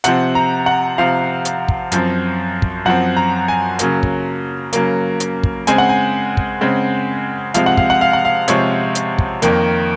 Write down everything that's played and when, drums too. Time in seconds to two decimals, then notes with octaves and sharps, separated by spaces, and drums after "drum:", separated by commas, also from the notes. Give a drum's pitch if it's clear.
0.04 C3 F3 C4 F#5, drum: hi-hat
0.35 A#5
0.66 F#5
0.98 C3 F3 C4 F5
1.45 drum: hi-hat
1.68 drum: kick
1.92 F#2 F3 C4, drum: hi-hat
2.62 drum: kick
2.85 F#2 F3 C4 F#5
3.17 A#5
3.48 G#5
3.79 C#3 F#3 A#3, drum: hi-hat
4.03 drum: kick
4.73 C#3 F#3 A#3, drum: hi-hat
5.20 drum: hi-hat
5.43 drum: kick
5.67 C#3 G#3 C4 G#5, drum: hi-hat
5.78 F#5
5.89 G#5
6.37 drum: kick
6.61 C#3 G#3 C4
7.54 C3 F3 G#3 C4 F5, drum: hi-hat
7.66 F#5
7.77 F5, drum: kick
7.90 F#5
8.01 F5
8.13 F#5
8.25 F5
8.48 C3 F3 G#3 C4 C#5, drum: hi-hat
8.95 drum: hi-hat
9.19 drum: kick
9.42 F2 D#3 A#3, drum: hi-hat